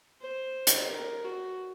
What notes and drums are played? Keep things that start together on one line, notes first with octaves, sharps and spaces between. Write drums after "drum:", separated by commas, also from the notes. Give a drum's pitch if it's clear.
C5
drum: hi-hat
A#4
F#4